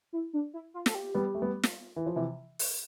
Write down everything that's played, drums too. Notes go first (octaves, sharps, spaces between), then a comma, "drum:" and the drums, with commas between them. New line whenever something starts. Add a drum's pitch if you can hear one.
E4
D4
E4
F4
A4, drum: snare
G4
G3 B3
A3
G3 B3
drum: snare
E3
F3
C3 E3
drum: open hi-hat